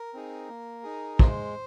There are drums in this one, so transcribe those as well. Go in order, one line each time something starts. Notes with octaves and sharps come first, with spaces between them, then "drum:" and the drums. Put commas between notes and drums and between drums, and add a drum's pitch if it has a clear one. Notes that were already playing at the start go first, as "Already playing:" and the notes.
Already playing: A#4
C4 D#4 G#4
A#3
D#4 G#4
G#3 C5, drum: kick